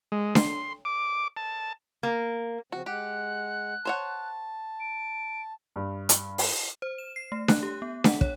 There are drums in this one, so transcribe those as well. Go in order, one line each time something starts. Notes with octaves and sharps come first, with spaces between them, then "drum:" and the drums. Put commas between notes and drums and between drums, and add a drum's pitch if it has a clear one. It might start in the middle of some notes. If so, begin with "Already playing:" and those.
G#3
C6, drum: snare D4
D6
A5
A#3
C#3 F3 C4 F#4
G#3 G4 F#5 F#6
C5 C#5 F#5 A5
D7
G2
drum: hi-hat
drum: open hi-hat
C5
E7
C7
A3
F#6, drum: snare D4
G4
B3
F#5, drum: snare D4
C#5, drum: kick